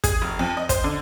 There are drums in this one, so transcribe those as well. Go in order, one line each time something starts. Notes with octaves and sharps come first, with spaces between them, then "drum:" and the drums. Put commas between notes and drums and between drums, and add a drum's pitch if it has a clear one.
G#4, drum: kick, hi-hat
F1
F2
D#5
C5, drum: kick, hi-hat
D3